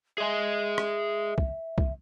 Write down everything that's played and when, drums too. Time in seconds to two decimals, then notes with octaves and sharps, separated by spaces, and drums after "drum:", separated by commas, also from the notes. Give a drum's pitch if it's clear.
0.18 G#4 D#5 E5 G#5
0.78 drum: rim click
1.38 drum: kick C2
1.78 drum: kick C2